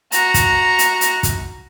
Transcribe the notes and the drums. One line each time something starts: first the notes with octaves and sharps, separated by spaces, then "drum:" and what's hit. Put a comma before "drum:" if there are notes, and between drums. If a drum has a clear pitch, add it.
F#4 A#5, drum: hi-hat
drum: kick, hi-hat
drum: hi-hat
drum: hi-hat
drum: kick, hi-hat